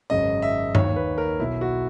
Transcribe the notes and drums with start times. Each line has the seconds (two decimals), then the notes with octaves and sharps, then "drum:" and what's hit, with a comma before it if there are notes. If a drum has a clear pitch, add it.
0.10 G#1 F#2 C#3 D#5
0.42 E5
0.75 D#2 D#3 C#5, drum: tom
0.96 B4
1.18 A#4
1.39 B1 B2 E4
1.61 F#4